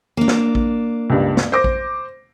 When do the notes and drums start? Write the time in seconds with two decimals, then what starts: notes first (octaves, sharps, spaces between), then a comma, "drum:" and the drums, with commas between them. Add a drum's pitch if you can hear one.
0.17 A#3 D4
0.28 drum: snare
0.55 drum: kick A#1
1.10 C#2 G2
1.37 drum: snare
1.52 C5 D6 A#6
1.64 drum: kick A#1